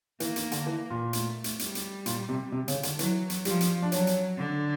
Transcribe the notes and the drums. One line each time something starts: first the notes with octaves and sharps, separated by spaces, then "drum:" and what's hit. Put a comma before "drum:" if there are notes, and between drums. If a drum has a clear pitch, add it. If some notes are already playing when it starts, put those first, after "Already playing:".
E3 A#3, drum: hi-hat
D#3, drum: hi-hat
D3, drum: hi-hat
E3
A#2
A3, drum: hi-hat
drum: hi-hat
G3, drum: hi-hat
drum: hi-hat
A#2, drum: hi-hat
C3
C3
C#3, drum: hi-hat
D3, drum: hi-hat
E3 F#3, drum: hi-hat
drum: hi-hat
F3 G3, drum: hi-hat
drum: hi-hat
D4
F#3 C#4, drum: hi-hat
drum: hi-hat
D3